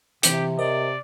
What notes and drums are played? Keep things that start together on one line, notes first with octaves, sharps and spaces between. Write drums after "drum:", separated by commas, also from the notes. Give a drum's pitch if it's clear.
C3 E3 C4 G4, drum: hi-hat
A#4 C5 D5 D#5